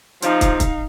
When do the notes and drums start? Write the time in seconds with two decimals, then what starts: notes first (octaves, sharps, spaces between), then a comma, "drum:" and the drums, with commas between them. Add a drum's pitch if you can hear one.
0.22 C3 F3 D#4 F5, drum: hi-hat
0.41 drum: kick, hi-hat
0.60 drum: kick, hi-hat